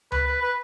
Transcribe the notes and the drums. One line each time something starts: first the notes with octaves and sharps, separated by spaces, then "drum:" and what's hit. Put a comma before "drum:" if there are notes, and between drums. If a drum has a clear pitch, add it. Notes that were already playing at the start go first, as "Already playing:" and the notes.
B4, drum: tom C#2
B4
B4